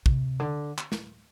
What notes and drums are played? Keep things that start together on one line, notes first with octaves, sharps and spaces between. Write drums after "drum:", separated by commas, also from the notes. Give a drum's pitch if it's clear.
C3, drum: kick
D3
drum: clap
drum: snare